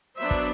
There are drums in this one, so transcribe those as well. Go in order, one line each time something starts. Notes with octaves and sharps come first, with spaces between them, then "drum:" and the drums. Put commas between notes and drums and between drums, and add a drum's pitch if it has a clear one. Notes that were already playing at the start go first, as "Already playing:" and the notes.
F#3 B3 D4 C5 E5
drum: kick